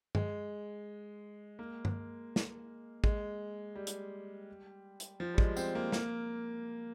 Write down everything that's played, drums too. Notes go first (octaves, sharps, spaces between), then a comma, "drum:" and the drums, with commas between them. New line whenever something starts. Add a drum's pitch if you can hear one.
G#3, drum: tom G2
A#3
drum: tom G2
drum: snare
G#3, drum: kick
G3
drum: hi-hat
drum: hi-hat
F3
G3
G#3, drum: kick
C4, drum: tambourine
A#3
A#3, drum: snare